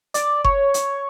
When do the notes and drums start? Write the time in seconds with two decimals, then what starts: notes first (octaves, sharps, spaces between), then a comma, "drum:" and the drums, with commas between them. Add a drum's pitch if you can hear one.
0.14 D5, drum: hi-hat
0.44 C#5, drum: kick F#1
0.74 drum: hi-hat